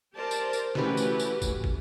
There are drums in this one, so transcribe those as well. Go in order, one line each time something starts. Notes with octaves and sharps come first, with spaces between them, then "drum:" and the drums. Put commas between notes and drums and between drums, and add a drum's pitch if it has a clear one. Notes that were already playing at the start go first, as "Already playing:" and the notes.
G4 A#4 C5 D5 A5
drum: tambourine
drum: tambourine
E3 A3 C#4 F#4 G4 B4, drum: snare
drum: tambourine
drum: tambourine
drum: kick, tambourine
drum: kick